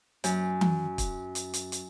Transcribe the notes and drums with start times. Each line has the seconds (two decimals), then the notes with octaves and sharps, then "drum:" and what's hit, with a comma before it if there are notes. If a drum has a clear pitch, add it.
0.24 F#2, drum: hi-hat
0.61 drum: tom E3
0.98 drum: kick, hi-hat
1.35 drum: hi-hat
1.54 drum: hi-hat
1.72 drum: hi-hat